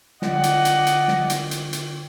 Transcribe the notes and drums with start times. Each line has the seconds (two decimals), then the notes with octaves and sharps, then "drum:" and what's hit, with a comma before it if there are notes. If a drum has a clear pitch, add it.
0.22 D3 F4 D5 D#5 F#5 G5, drum: snare
0.43 drum: hi-hat
0.65 drum: hi-hat
0.87 drum: hi-hat
1.08 drum: snare
1.30 drum: hi-hat
1.51 drum: hi-hat
1.73 drum: hi-hat